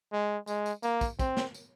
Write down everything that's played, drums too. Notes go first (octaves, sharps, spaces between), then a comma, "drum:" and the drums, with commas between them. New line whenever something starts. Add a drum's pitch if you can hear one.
G#3
G#3, drum: tambourine
drum: tambourine
A#3, drum: tambourine
drum: kick, tambourine
C4, drum: kick, tambourine
drum: snare
drum: tambourine